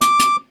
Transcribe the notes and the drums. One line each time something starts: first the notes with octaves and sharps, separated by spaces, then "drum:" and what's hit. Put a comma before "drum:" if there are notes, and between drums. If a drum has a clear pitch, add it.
D6, drum: hi-hat
drum: hi-hat